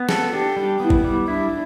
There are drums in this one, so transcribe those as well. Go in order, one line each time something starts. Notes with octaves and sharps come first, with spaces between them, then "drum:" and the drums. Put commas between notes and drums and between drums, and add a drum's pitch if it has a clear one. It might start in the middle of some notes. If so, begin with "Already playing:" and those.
Already playing: B3
A4, drum: snare
D4 G4
G3
B3 E4
drum: kick G#1
G3
D4 E4